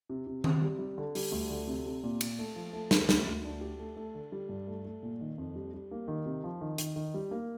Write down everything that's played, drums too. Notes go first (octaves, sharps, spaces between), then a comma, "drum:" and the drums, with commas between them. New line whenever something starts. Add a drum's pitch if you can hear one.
C3
C3
C3, drum: tom D#3
G3
G3
D3
G3, drum: open hi-hat
D2
D3
C3
C3
A#2
A#2, drum: cymbal
A3
F3
A3
A#4, drum: snare
D2, drum: snare
D2
D4
G4
A3
A3
D3
G3
G2
A3
A3
A#2
D#3
F2
G3
G3
A#3
D#3
C3
F3
D#3
D#3, drum: hi-hat
D#3
G3
A#3